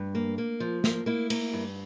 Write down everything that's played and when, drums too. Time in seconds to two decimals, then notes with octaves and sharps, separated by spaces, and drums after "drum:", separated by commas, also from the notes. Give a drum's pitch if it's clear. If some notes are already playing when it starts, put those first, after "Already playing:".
Already playing: G2
0.15 A#3
0.38 A#3
0.60 F3
0.84 A#3, drum: snare
1.06 A#3 E4
1.30 A#3, drum: cymbal
1.53 G2